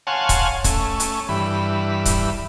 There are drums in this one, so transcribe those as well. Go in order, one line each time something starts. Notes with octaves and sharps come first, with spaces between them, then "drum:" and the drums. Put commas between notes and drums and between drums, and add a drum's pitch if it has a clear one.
C#5 F5 F#5 G#5 A5 C6
drum: kick C#1, hi-hat
A3 C#4, drum: kick C#1, hi-hat
drum: hi-hat
G2 E3 B5
drum: kick C#1, hi-hat